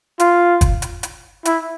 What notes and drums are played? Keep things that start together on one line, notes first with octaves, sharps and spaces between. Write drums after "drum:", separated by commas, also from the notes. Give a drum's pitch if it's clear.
F4, drum: hi-hat
drum: kick, hi-hat
drum: hi-hat
drum: hi-hat
E4, drum: hi-hat